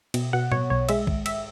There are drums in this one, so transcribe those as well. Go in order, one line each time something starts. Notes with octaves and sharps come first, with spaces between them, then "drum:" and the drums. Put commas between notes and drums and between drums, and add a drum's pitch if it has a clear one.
B2, drum: cymbal
B2 F#5
B2 C#5, drum: tom A2
B1 C#5
G#3 E5, drum: cymbal
G#1, drum: kick B1
E5, drum: cymbal